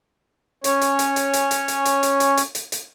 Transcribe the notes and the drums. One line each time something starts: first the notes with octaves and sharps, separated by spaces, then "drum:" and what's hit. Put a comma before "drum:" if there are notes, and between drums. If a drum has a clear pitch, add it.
C#4 C#5, drum: hi-hat
drum: hi-hat
drum: hi-hat
drum: hi-hat
drum: hi-hat
drum: hi-hat
drum: hi-hat
drum: hi-hat
drum: hi-hat
drum: hi-hat
drum: hi-hat
drum: hi-hat
drum: hi-hat